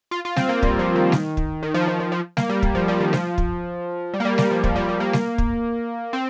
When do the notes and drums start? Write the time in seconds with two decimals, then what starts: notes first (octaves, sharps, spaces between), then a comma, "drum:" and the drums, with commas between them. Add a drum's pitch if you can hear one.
0.11 F4
0.25 F4
0.36 C4, drum: snare G3
0.49 A#3
0.63 G3, drum: kick
0.79 F3
0.95 D#3
1.12 drum: snare G3
1.37 drum: kick
1.63 D#3
1.74 F3
1.88 F3
2.00 F3
2.12 F3
2.37 A#3, drum: snare G3
2.49 G3
2.63 drum: kick
2.75 F3
2.88 G3
3.00 D#3
3.13 F3, drum: snare G3
3.38 drum: kick
4.14 G3
4.20 A#3
4.25 G3
4.38 G3, drum: snare G3
4.51 F3
4.64 F3, drum: kick
4.76 G3
4.89 G3
5.00 A#3
5.13 drum: snare G3
5.38 drum: kick
6.13 C4